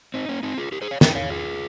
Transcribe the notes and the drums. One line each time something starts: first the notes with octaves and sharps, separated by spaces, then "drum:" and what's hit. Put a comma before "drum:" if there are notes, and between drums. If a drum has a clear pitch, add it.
C4 D#4
A#3 C#4
C4 D#4
F4 G#4
G4 A#4
G#4 C5
C#5 F5
D#5 G5, drum: snare
C#5 F5
F4 G#4